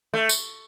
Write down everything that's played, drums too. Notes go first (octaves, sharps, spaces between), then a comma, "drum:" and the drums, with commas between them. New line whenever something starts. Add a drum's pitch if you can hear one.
A3
drum: tambourine